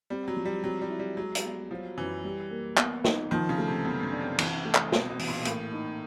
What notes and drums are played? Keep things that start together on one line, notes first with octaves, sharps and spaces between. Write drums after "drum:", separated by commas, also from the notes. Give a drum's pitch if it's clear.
G3 C4
F#3
F3
G3
F#3 C4
G3
E4
G3
F#3 G#3
G3, drum: hi-hat
B3
F3 F#3
F#2 E3
G3
A#3
B3, drum: clap
D#4, drum: snare
D#3 F3
C#3
A3
C3
F#2 B3
F#2
D4
C3
E3, drum: cymbal
A3
drum: clap
B2 C4, drum: snare
B2
E3, drum: open hi-hat
A#2
A2 A#3, drum: hi-hat
D#4